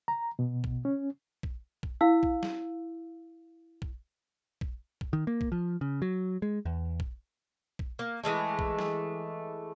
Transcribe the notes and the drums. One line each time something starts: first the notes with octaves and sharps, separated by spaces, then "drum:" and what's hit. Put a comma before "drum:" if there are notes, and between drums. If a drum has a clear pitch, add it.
A#5
B2
drum: kick A#1
C#4
drum: kick A#1
drum: kick A#1
E4 F5 E6
drum: kick A#1
drum: snare
drum: kick A#1
drum: kick A#1
drum: kick A#1
D#3
A#3
drum: kick A#1
F3
C#3
F#3
G#3
E2
drum: kick A#1
drum: kick A#1
A#3
E3 F3 G#3 A3
drum: kick A#1
drum: snare